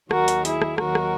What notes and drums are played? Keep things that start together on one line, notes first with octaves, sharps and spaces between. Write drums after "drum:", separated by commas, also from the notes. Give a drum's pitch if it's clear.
D#2 D#3 F#3 F#4 A#4, drum: rim click
drum: hi-hat
E4 G#4, drum: hi-hat
drum: rim click
D#2 D#3 F#3 F#4 A#4, drum: rim click
drum: rim click